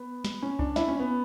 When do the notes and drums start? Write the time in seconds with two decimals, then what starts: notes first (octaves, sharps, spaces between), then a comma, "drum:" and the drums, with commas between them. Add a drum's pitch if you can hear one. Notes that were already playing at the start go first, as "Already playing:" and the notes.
Already playing: B3
0.24 drum: snare
0.42 C#4
0.59 D4, drum: kick C2
0.76 E4, drum: snare
0.88 C#4
0.99 B3